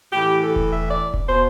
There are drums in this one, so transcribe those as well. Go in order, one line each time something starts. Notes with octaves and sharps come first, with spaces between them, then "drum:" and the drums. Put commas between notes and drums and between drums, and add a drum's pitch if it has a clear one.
A2 E3 G4
A4
drum: kick E1
E5
D5
drum: kick E1
B2 C5